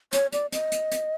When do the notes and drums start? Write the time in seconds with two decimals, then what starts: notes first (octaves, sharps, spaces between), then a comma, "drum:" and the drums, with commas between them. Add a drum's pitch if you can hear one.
0.13 C#5, drum: hi-hat
0.32 D5, drum: hi-hat
0.52 D#5, drum: hi-hat
0.72 drum: hi-hat
0.92 drum: hi-hat